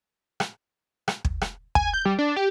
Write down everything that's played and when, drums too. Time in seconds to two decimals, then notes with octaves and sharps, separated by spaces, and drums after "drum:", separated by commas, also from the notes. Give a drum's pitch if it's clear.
0.40 drum: rim click
1.08 drum: rim click
1.25 drum: kick
1.41 drum: rim click
1.75 G#5, drum: kick
1.94 G6
2.05 G3
2.19 D4
2.36 G4